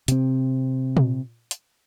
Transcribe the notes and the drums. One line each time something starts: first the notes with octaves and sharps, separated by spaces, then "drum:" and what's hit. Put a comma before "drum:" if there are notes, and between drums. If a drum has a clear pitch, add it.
C3 C4, drum: hi-hat
drum: tom A#2
drum: hi-hat